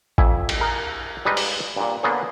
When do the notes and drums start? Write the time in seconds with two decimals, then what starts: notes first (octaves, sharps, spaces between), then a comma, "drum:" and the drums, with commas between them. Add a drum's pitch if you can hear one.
0.18 F2 E5 G#5, drum: kick A1
0.49 drum: cymbal
0.60 G#4 A#4
1.25 G3 G#3 D#4 B4 D#5
1.37 drum: open hi-hat
1.76 G2 A#2
2.03 D3 A#3 B3 G#4 C#5